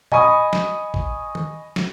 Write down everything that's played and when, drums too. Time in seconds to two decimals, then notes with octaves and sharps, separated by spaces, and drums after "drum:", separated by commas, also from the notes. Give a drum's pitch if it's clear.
0.12 D#5 G#5 B5 C#6 D#6, drum: tom A#2
0.53 drum: snare
0.94 drum: kick G#1
1.35 drum: tom
1.76 drum: snare